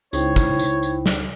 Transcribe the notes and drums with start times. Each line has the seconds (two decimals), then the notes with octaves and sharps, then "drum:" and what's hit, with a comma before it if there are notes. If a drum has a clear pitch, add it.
0.13 C#2 D#4 E4 C5 C#5 G5, drum: tambourine
0.36 drum: kick, tambourine
0.59 drum: tambourine
0.83 drum: tambourine
1.06 drum: snare